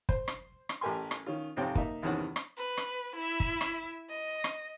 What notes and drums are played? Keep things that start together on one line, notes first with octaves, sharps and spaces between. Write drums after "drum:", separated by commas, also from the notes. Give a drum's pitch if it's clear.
C5, drum: kick
drum: rim click
drum: rim click
A1 G4 A#4 G#5 C6
drum: rim click
D#3 C#4 F4
F2 G#2 C3 C#5 G5
A#3 D#4 E5, drum: kick
E2 G2 C3 D#3 C#4 F#5
drum: rim click
B4
drum: rim click
E4 E5
drum: kick
drum: rim click
D#5
drum: rim click